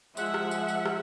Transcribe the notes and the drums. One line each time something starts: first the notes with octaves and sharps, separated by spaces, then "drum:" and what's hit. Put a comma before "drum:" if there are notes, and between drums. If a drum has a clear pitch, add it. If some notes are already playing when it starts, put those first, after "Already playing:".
F3 G#3 E5 F#5, drum: tambourine
drum: rim click
drum: tambourine
drum: tambourine
drum: rim click